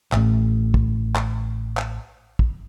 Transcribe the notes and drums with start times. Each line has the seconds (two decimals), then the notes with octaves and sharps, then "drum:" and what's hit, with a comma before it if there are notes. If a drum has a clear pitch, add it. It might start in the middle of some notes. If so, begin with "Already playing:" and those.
0.12 A1 A2, drum: clap
0.74 drum: kick
1.15 drum: clap
1.77 drum: clap
2.39 drum: kick